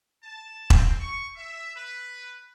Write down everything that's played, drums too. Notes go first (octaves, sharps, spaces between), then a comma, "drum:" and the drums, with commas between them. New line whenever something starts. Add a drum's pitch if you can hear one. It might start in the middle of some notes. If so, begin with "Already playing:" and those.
A5
C4, drum: kick E1
C#6
E5
B4